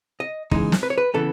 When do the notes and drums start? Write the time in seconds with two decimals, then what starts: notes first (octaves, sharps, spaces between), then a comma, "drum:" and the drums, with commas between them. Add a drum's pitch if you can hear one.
0.20 D#5
0.51 C#3 E3 G#3 D#4, drum: kick
0.72 drum: snare
0.83 B4
0.90 C#5
0.98 B4
1.14 C#3 E3 B3 A4